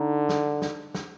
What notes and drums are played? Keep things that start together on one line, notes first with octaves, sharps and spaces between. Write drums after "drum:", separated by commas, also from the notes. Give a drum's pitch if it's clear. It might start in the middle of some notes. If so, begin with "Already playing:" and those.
Already playing: D3 D#4
drum: snare
drum: snare
drum: snare